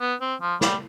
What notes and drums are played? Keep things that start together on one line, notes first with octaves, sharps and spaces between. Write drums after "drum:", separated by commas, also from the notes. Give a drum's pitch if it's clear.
B3
C4
F3
G3, drum: snare